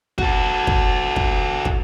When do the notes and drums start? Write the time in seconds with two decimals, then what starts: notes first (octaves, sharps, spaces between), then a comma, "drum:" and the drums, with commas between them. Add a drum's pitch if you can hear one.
0.18 F#4 A4, drum: kick
0.67 drum: kick
1.16 drum: kick
1.65 drum: kick